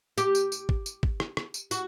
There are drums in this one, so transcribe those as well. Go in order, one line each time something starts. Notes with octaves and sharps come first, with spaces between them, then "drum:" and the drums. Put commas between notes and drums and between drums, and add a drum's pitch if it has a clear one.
G4, drum: tambourine
drum: tambourine
drum: tambourine
drum: kick
drum: tambourine
drum: kick
drum: rim click
drum: rim click
drum: tambourine
F#4, drum: tambourine